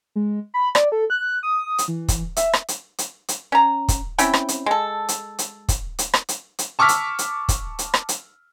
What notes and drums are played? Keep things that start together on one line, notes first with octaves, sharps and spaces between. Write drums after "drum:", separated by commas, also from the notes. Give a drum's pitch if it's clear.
G#3
B5
D5, drum: rim click
A4
F#6
D#6
drum: hi-hat
E3
drum: kick, hi-hat
E5, drum: hi-hat
drum: rim click
drum: hi-hat
drum: hi-hat
drum: hi-hat
C#4 A#5
drum: kick, hi-hat
C4 C#4 E4 G5, drum: hi-hat
drum: rim click
drum: hi-hat
G#3 A4
drum: hi-hat
drum: hi-hat
drum: kick, hi-hat
drum: hi-hat
drum: rim click
drum: hi-hat
drum: hi-hat
A5 C#6 D6 E6 F6 B6
drum: hi-hat
drum: hi-hat
drum: kick, hi-hat
drum: hi-hat
drum: rim click
drum: hi-hat